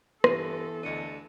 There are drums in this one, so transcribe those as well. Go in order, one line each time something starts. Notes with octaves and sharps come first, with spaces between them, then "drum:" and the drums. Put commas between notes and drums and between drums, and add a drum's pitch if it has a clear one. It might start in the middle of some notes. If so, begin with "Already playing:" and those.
G2 E3 B3 G4 A4 A#6 C7 D#7, drum: rim click
D2 D4 D#5 C#7 D#7